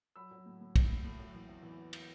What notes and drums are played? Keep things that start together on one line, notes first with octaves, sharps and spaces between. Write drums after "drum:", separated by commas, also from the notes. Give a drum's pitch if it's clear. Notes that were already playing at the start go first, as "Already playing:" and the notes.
F#3 B5 E6
F#3
A2
A2
A2, drum: kick, cymbal
A2
A2
F#3
E3
E2
E3
drum: cymbal